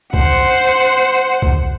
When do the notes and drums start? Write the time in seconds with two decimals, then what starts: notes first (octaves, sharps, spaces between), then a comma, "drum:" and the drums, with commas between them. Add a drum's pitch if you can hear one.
0.14 C5 F#5, drum: kick
1.42 drum: kick